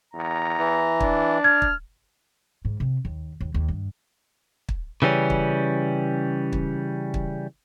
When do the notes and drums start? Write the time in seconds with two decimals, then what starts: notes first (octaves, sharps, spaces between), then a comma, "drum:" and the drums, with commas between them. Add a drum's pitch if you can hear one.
0.14 E2 A#5
0.59 E3
1.00 D4, drum: kick
1.44 F6 G#6
1.62 drum: kick
2.65 G#2
2.80 C3
3.05 D#2
3.41 D#2
3.54 D#2
3.68 G2
4.69 drum: kick
5.02 C#3 E3 G3 C#4
5.30 drum: kick
6.53 drum: kick
7.14 drum: kick